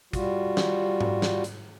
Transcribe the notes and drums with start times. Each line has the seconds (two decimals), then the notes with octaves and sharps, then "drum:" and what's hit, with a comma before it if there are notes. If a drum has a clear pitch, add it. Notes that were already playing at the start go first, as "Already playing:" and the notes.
0.13 G3 F4 F#4, drum: kick, hi-hat
0.57 drum: snare
1.01 drum: tom G#2
1.22 drum: snare
1.44 drum: hi-hat